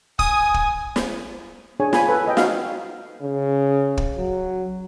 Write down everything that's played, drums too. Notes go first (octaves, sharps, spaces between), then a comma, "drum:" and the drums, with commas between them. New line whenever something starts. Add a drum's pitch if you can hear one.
G#5 D#6, drum: kick
drum: kick
drum: snare
D4 G#4 C#5 G#5
F4 G#5 B5, drum: snare
A4 B4
A4 B4 D#5 G5
D#4 F#4 F5, drum: snare
C#3
drum: kick
F#3